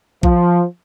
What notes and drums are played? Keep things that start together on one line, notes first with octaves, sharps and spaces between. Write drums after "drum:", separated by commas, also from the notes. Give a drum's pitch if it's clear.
F3, drum: kick A#1